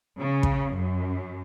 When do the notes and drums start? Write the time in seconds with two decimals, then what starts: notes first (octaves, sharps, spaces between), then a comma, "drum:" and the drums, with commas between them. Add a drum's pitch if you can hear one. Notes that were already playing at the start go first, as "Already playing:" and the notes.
0.20 C#3
0.43 drum: kick
0.77 F#2